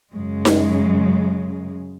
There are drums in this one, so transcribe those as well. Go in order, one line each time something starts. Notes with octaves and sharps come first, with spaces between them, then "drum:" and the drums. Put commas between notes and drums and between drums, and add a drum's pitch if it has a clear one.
F#2 C#3 G#3
drum: snare D#4